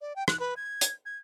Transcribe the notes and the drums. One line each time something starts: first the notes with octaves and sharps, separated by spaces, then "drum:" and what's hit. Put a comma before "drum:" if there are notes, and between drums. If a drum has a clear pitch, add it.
D5
G5
F#6, drum: rim click
B4
G#6
drum: hi-hat
G#6